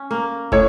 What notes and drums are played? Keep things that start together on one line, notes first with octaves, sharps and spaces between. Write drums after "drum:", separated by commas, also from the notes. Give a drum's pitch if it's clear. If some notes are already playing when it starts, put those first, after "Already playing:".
Already playing: C#4
A#3
A2 C#5, drum: kick